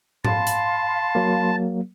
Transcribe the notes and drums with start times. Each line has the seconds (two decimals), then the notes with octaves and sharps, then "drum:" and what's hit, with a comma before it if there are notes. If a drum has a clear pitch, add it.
0.25 F5 A5 B5 C6, drum: tom G#2
0.47 drum: hi-hat
1.15 F#3 A#3